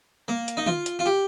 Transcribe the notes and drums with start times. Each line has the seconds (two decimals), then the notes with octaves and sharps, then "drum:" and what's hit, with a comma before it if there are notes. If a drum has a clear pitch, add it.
0.28 A#3
0.48 drum: hi-hat
0.57 D#4
0.66 F4, drum: tom
0.86 drum: hi-hat
0.99 F4
1.06 G4